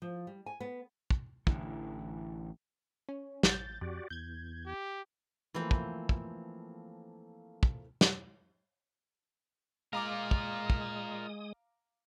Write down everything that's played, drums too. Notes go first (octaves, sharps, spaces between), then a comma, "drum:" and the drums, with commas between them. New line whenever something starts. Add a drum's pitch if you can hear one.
F3
G3
G#5
B3
drum: kick
A1 D3 E3, drum: kick
C#4
A1 G6 A6, drum: snare
F2 F#4 G4 D5
E2 G6 G#6
G4
E3 F3 A3 A#3 C4
drum: kick
drum: kick
drum: kick
drum: snare
G#3 F4 A#4 F5 A#5 D6 D#6
drum: kick
drum: kick